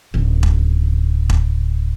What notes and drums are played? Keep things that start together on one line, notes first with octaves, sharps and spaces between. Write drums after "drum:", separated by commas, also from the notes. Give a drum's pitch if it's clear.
D1 C#3
drum: kick E1
drum: kick E1